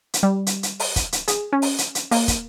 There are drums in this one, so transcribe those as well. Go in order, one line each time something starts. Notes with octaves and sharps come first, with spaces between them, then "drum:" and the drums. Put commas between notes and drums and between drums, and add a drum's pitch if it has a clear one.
drum: hi-hat
G3
drum: hi-hat
drum: hi-hat
drum: open hi-hat
drum: kick, hi-hat
drum: hi-hat
G#4, drum: hi-hat
C#4
drum: open hi-hat
drum: hi-hat
drum: hi-hat
A#3, drum: open hi-hat
drum: kick, hi-hat